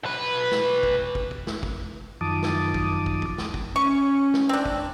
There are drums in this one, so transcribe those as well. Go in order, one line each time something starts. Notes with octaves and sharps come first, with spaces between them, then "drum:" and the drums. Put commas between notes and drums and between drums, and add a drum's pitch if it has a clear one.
B1 B4
drum: snare
drum: kick
drum: kick
drum: kick
drum: snare
drum: kick
F#2 D#3 F3 A5 D6 D#6
drum: snare
drum: kick
drum: kick
drum: kick
drum: snare
drum: kick
C#4 C#6
drum: snare
C4 D4
drum: kick